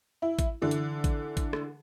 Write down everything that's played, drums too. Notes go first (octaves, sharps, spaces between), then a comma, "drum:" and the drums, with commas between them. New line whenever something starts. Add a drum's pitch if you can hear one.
E4
drum: kick A1, hi-hat
D3 E3
drum: hi-hat
drum: kick A1, hi-hat
drum: kick A1, hi-hat
drum: rim click